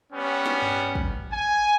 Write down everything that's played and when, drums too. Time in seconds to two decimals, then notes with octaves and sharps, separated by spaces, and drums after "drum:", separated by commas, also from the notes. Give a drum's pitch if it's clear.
0.13 G3 B3 C#4
0.46 drum: snare
0.62 drum: tom G2
0.95 drum: kick
1.32 G#5